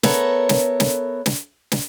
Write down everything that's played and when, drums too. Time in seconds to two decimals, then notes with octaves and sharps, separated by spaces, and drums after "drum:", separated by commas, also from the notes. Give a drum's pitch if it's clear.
0.03 B3 A4 A#4 C#5 E5, drum: snare
0.49 drum: snare
0.80 drum: snare
1.26 drum: snare
1.72 drum: snare